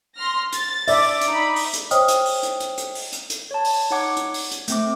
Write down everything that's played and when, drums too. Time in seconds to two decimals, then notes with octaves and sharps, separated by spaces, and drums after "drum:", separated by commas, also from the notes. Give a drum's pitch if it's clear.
0.16 C6 F6 A#6
0.52 A6, drum: hi-hat
0.88 D5 E5, drum: open hi-hat
1.21 drum: hi-hat
1.31 D#4 B5
1.56 drum: open hi-hat
1.74 drum: hi-hat
1.91 C5 C#5 D#5 G5 D#6 F6, drum: hi-hat
2.08 drum: hi-hat
2.26 drum: open hi-hat
2.43 drum: hi-hat
2.60 drum: hi-hat
2.78 drum: hi-hat
2.95 drum: open hi-hat
3.12 drum: hi-hat
3.30 drum: hi-hat
3.51 C#5 A5
3.65 drum: open hi-hat
3.90 D#4 C#5 F#5 D6 G#6
4.17 drum: hi-hat
4.34 drum: open hi-hat
4.51 drum: hi-hat
4.68 A3 C4 D6, drum: hi-hat